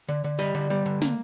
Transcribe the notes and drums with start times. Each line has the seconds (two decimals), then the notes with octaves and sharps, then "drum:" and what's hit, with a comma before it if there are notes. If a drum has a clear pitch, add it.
0.08 D3
0.24 D3
0.39 G3 D#5
0.55 D3
0.70 G3
0.86 D3
1.01 A#3, drum: snare